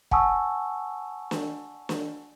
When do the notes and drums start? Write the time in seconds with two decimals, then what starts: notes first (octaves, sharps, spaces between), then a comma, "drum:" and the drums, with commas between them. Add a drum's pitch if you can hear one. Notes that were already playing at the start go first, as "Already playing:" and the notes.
0.11 F#5 G#5 A5 C#6 D#6 E6, drum: kick
1.31 drum: snare
1.89 drum: snare